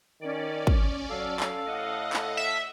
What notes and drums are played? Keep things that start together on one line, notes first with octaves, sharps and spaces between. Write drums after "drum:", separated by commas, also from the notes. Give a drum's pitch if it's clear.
D#3 C#4 D5
drum: kick
F#3 A4 F5
drum: clap
A2 D#5 F#5
drum: clap
E5